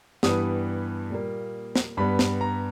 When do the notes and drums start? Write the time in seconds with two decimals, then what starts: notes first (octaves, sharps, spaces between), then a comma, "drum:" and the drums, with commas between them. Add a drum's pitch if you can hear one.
0.23 G2 E3 G3 B3 D#6, drum: snare
1.10 A#2 G3 A#3
1.76 drum: snare
1.97 G2 G3 B3 B5
2.19 drum: snare
2.41 A#5